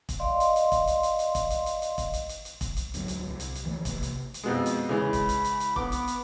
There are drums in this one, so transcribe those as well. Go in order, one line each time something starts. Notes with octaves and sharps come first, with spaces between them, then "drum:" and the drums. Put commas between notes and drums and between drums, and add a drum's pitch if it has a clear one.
drum: kick, hi-hat
D5 D#5 F5 C6
drum: hi-hat
drum: hi-hat
drum: kick, hi-hat
drum: hi-hat
drum: hi-hat
drum: hi-hat
drum: kick, hi-hat
drum: hi-hat
drum: hi-hat
drum: hi-hat
drum: kick, hi-hat
drum: hi-hat
drum: hi-hat
drum: hi-hat
drum: kick, hi-hat
drum: hi-hat
D2 G#2 D3 F#3, drum: hi-hat
drum: hi-hat
C2
drum: hi-hat
drum: hi-hat
E3 F3 A3
C3 A#3, drum: kick, hi-hat
drum: hi-hat
drum: hi-hat
F2 B2 G#3
drum: hi-hat
C#3 E3 G#3 B5
drum: kick, hi-hat
drum: hi-hat
drum: hi-hat
drum: hi-hat
B3 D6, drum: kick
drum: hi-hat
drum: hi-hat